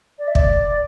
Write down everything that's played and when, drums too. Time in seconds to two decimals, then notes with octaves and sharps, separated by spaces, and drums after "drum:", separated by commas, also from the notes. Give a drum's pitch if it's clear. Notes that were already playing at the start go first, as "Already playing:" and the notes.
0.18 D5
0.27 E5
0.35 D5, drum: kick